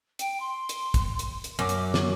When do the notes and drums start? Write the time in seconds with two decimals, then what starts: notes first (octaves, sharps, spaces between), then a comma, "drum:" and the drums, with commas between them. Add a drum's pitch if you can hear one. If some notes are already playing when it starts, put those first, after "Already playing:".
0.19 G5, drum: hi-hat
0.39 C6
0.69 drum: hi-hat
0.94 drum: kick, hi-hat
1.19 drum: hi-hat
1.44 drum: hi-hat
1.59 F#2 D6
1.69 drum: hi-hat
1.94 drum: snare